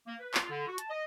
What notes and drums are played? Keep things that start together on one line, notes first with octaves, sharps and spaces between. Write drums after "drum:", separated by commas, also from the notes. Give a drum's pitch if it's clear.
A#3
B4
F4, drum: clap
D3
F#4
A5, drum: hi-hat
D#5